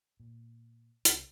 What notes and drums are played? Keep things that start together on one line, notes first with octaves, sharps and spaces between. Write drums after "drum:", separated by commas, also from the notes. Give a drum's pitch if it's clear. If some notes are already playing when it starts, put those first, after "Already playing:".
A#2
C2, drum: hi-hat